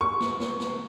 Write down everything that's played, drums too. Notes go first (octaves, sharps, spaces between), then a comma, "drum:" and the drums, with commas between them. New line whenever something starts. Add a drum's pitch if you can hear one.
C#6
drum: snare
drum: snare
drum: snare